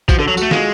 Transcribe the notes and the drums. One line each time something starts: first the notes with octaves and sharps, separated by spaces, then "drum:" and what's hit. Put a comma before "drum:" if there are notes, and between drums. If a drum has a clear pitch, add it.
F3 F#4, drum: kick, tambourine
D3 A4
F#3
F#4, drum: tambourine
A3
G#3 F4, drum: snare